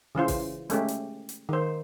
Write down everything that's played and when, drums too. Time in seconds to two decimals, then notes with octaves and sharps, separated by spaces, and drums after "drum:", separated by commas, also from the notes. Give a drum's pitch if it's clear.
0.15 C#3 E3 F4 C5
0.28 drum: kick A1, open hi-hat
0.70 G#3 A3 C#4 G4, drum: hi-hat
0.88 drum: hi-hat
1.29 drum: hi-hat
1.49 D#3 C5